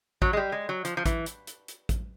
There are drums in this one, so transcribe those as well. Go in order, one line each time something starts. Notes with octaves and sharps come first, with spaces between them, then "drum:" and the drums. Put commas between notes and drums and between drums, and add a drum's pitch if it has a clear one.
F#3, drum: kick
G#3
G3
G#3
F#3
F3, drum: hi-hat
F3
E3, drum: kick, hi-hat
drum: hi-hat
drum: hi-hat
drum: hi-hat
drum: kick, hi-hat